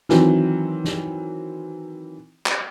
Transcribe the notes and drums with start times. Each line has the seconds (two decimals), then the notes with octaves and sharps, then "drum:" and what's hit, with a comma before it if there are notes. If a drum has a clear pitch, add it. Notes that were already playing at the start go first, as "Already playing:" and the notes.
0.09 D#3 E3 F#3 C4, drum: snare
0.84 drum: snare
2.46 drum: clap